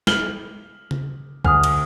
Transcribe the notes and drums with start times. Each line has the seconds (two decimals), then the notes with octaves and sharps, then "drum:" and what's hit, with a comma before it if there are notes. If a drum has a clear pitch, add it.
0.07 F6 F#7 G7, drum: snare
0.91 drum: tom C#3
1.44 D2 G#5 D#6 F6, drum: kick C2
1.64 drum: cymbal